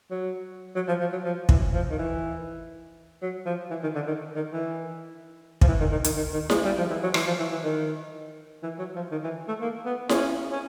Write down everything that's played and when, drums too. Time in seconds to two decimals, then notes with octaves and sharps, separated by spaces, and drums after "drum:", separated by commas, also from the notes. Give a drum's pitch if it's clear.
0.11 F#3
0.75 F#3
0.88 F3
1.00 F3
1.12 F#3
1.24 F3
1.49 E3, drum: kick
1.73 F3
1.90 D#3
1.99 E3
3.22 F#3
3.46 F3
3.70 E3
3.83 D#3
3.95 D3
4.07 D#3
4.36 D#3
4.53 E3
5.61 F3, drum: kick
5.68 E3
5.80 D#3
5.91 D#3
6.04 D#3, drum: hi-hat
6.17 D#3
6.33 D#3
6.50 G#3, drum: snare E4
6.65 G3
6.78 F3
6.90 E3
7.03 F#3
7.14 E3, drum: rim click
7.26 F3
7.39 E3
7.52 E3
7.63 D#3
8.63 E3
8.79 F#3
8.96 F3
9.11 D#3
9.24 E3
9.48 A3
9.61 A#3
9.86 B3
10.09 C#4, drum: snare E4
10.52 C#4